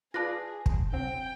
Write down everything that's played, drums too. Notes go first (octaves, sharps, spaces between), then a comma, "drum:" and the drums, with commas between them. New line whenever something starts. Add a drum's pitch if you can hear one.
F4 G#4 B4 D5 A5 F#6 A#6
drum: kick
C3 F#3 C4 G5